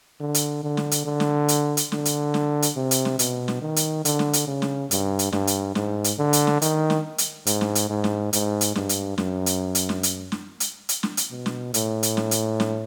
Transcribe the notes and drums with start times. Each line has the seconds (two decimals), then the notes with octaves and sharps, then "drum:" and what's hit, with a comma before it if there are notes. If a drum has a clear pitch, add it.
0.20 D3
0.34 drum: hi-hat
0.64 D3
0.77 drum: snare
0.91 drum: hi-hat
1.05 D3
1.20 drum: snare
1.48 drum: hi-hat
1.77 drum: hi-hat
1.92 D3, drum: snare
2.05 drum: hi-hat
2.34 drum: snare
2.62 drum: hi-hat
2.76 C3
2.91 drum: hi-hat
3.05 drum: snare
3.19 B2, drum: hi-hat
3.48 drum: snare
3.62 D#3
3.76 drum: hi-hat
4.05 D3, drum: hi-hat
4.19 drum: snare
4.33 drum: hi-hat
4.47 C#3
4.62 drum: snare
4.91 G2, drum: hi-hat
5.19 drum: hi-hat
5.33 G2, drum: snare
5.47 drum: hi-hat
5.75 G#2, drum: snare
6.04 drum: hi-hat
6.18 D3
6.33 drum: hi-hat
6.47 drum: snare
6.62 D#3, drum: hi-hat
6.90 drum: snare
7.18 drum: hi-hat
7.47 G#2, drum: hi-hat
7.61 drum: snare
7.75 drum: hi-hat
7.90 G#2
8.04 drum: snare
8.33 G#2, drum: hi-hat
8.61 drum: hi-hat
8.75 G2, drum: snare
8.89 drum: hi-hat
9.18 F#2, drum: snare
9.46 drum: hi-hat
9.75 drum: hi-hat
9.89 drum: snare
10.03 drum: hi-hat
10.32 drum: snare
10.60 drum: hi-hat
10.89 drum: hi-hat
11.03 drum: snare
11.17 drum: hi-hat
11.31 B2
11.46 drum: snare
11.74 A2, drum: hi-hat
12.03 drum: hi-hat
12.17 drum: snare
12.31 drum: hi-hat
12.60 drum: snare